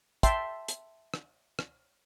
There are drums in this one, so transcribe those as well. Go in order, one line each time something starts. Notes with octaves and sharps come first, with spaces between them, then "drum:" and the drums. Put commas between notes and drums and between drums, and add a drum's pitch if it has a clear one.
E5 G5 A5 C6, drum: kick, hi-hat
drum: hi-hat
drum: rim click
drum: rim click